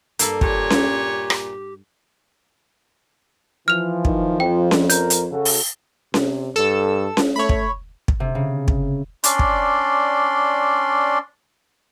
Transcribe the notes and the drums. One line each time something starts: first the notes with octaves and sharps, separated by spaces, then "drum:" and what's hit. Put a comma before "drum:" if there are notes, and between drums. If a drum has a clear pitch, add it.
G2 A#3 A4 B5, drum: hi-hat
A#2 G4 C#5, drum: kick
drum: snare C#4
drum: rim click
E3 F3 F6 F7
D#3, drum: kick
F2 G5
drum: snare C#4
A#4 G6, drum: hi-hat
drum: hi-hat
C#3 F#4 A4
drum: open hi-hat
C3, drum: snare C#4
G2 A4 E6
drum: snare C#4
A3 C#5 B5
drum: kick
drum: kick
C3
C#3
drum: kick
C#4 D4 D5 C6, drum: hi-hat
drum: kick